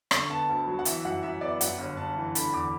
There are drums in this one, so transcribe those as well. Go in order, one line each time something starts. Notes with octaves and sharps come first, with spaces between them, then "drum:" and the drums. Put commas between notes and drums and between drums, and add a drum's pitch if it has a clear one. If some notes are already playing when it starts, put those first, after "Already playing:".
D3 C#6, drum: rim click
B3 A5
D2
F#3
F#5
E3 E5, drum: hi-hat
F#2 F#5
F#2 E5
B3 D5
F#2 F#5, drum: hi-hat
G1
G1 A5
E3
D3 B5, drum: hi-hat
E2 D6